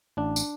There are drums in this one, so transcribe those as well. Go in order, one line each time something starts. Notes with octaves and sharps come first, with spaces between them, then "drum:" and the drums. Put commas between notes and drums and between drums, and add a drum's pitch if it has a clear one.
A1 D4
drum: tambourine